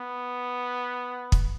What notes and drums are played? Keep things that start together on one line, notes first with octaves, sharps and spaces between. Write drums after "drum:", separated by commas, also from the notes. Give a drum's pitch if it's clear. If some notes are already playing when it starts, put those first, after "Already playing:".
Already playing: B3
drum: kick